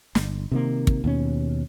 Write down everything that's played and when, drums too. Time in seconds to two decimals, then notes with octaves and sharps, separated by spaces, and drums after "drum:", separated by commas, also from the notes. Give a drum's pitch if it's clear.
0.15 G1, drum: snare
0.51 C3 D#3 A#3
0.87 drum: kick
1.04 D#2 B2 C#4